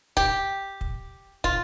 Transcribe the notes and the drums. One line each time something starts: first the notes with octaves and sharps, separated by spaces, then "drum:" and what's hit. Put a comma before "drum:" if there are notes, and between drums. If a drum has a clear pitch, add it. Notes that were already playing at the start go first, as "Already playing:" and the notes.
G4, drum: kick
drum: kick
F4, drum: kick